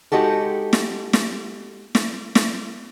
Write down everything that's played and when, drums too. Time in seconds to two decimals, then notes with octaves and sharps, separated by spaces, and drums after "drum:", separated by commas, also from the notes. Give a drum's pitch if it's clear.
0.12 G#3 D#4 F#4 G4 A4
0.73 drum: snare
1.13 drum: snare
1.95 drum: snare
2.35 drum: snare